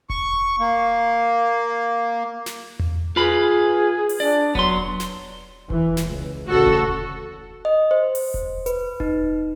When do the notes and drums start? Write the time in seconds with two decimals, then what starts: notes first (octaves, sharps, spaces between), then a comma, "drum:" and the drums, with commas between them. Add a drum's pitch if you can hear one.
0.10 C#6, drum: kick E1
0.60 A#3
2.46 drum: snare
2.80 drum: tom E2
3.16 F4 G#4 B4 B5
4.09 drum: open hi-hat
4.20 D4 D5
4.55 F#3 B3 C6, drum: kick E1
5.00 drum: snare
5.70 E3, drum: kick E1
5.97 drum: snare
6.08 C#2
6.47 A1 D2 C#3 F#4 A4
6.66 drum: kick E1
7.65 D#5
7.91 C5
8.15 drum: open hi-hat
8.34 drum: kick E1
8.66 B4, drum: hi-hat
9.00 D#4, drum: kick E1